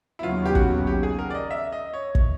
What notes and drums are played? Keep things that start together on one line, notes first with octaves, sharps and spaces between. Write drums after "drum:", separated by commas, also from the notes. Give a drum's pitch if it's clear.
E4
D#2 C#3 F#3 B3 F4
G4
F#4, drum: kick
G4
G#4
A#4
D5
D#5
E5
D#5
C#5
drum: kick